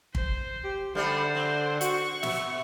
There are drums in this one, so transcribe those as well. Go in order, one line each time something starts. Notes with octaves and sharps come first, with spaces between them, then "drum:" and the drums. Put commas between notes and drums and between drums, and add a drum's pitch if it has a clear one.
C5, drum: kick
G4
D3 G3 A3 D4 C5
C4
F#4 C#6, drum: hi-hat
B2 E5, drum: snare